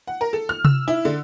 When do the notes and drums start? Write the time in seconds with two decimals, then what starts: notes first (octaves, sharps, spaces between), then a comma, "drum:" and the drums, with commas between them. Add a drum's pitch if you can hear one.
0.07 F#5
0.21 A#4
0.33 A4
0.49 F6
0.65 E6, drum: tom C3
0.88 E4
1.05 D3